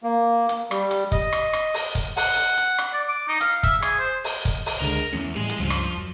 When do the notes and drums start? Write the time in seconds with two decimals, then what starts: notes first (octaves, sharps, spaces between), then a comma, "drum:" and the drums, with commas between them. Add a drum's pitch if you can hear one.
0.03 A#3
0.49 drum: hi-hat
0.71 G3, drum: rim click
0.91 drum: hi-hat
1.12 D#5, drum: kick, hi-hat
1.32 drum: rim click
1.53 drum: rim click
1.74 drum: open hi-hat
1.95 drum: kick, hi-hat
2.17 F#5, drum: open hi-hat
2.37 drum: hi-hat
2.58 drum: hi-hat
2.78 drum: rim click
2.94 D5
3.08 D6
3.28 D#4
3.41 F5, drum: hi-hat
3.63 E5, drum: kick, hi-hat
3.82 G#4, drum: rim click
3.99 C5
4.24 drum: open hi-hat
4.45 drum: kick, hi-hat
4.66 drum: open hi-hat
4.81 C#2 D3 G#3 A#4
5.13 E2 E3 A3 C#4
5.35 A2 G3 G#3 G#4
5.49 drum: hi-hat
5.59 C#2 G2 C#3 F3 F4
5.70 drum: rim click
5.98 F#2